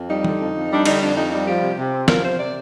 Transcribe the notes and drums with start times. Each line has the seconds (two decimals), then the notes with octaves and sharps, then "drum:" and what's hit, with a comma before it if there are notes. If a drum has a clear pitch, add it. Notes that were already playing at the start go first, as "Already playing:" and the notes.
Already playing: F2
0.09 G3 D#4
0.25 D3, drum: tom E3
0.39 F2
0.55 F2
0.70 G3 D4
0.85 D3 D#4, drum: cymbal
1.01 F2 D4
1.15 F2 D#4
1.31 G3 D#4
1.46 F3 G4
1.62 C3
1.78 C3
1.93 C4
2.08 F3 A#4, drum: snare
2.23 C3 C5
2.39 C3 D5